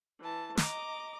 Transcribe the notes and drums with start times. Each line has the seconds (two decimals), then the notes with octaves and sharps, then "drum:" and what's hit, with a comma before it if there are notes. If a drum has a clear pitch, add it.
0.20 E3 A5
0.57 D#5 A#5 D6, drum: snare